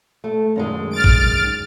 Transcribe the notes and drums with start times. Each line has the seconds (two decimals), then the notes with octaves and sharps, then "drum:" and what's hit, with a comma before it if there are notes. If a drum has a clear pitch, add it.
0.24 A3
0.56 F#2 D#3 G#3
0.91 F6 A6 D7
1.04 drum: kick A1